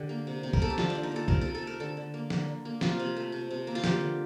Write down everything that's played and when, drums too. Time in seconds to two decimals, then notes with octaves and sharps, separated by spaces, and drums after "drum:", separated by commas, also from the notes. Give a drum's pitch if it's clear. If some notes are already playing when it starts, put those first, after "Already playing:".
Already playing: D3 G4
0.09 A#3
0.27 C3
0.43 C3
0.53 A#4, drum: kick C2
0.60 A3 A4
0.70 G4
0.78 D3 F4, drum: snare
0.90 D4
0.95 D3
1.03 D#4
1.12 A#3 A4
1.28 C3 A#4, drum: kick C2
1.41 C3 A4
1.55 A4
1.62 A3 A#4
1.80 D3 A4
1.97 D3
2.14 A#3
2.30 D3, drum: snare
2.48 D3
2.65 A#3
2.81 C3 F4, drum: snare
3.00 C3
3.17 A3
3.32 C3
3.51 C3
3.67 A#3
3.75 F4
3.84 D3 G4, drum: snare
4.00 D3